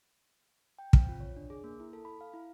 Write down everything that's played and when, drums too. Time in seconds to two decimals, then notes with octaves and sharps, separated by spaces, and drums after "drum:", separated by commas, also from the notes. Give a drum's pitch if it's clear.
0.78 G5
0.93 C4, drum: kick
1.09 F4
1.21 C#5
1.36 D4
1.50 G#4
1.64 A#3
1.80 E4
1.93 A4
2.05 B5
2.21 F5
2.33 E4